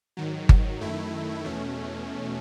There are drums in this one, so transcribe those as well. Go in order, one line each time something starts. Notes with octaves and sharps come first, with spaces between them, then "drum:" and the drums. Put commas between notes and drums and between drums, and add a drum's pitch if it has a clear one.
G#2 D#3 F#3
drum: kick G1
F#2 D#3 A3 E4
E2 B2 A3 C#4